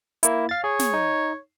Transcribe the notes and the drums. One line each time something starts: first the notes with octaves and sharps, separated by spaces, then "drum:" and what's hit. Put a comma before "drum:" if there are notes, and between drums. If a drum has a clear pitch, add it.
A#3 E4, drum: hi-hat
F5 A6
G#4 C#5
drum: snare
D#4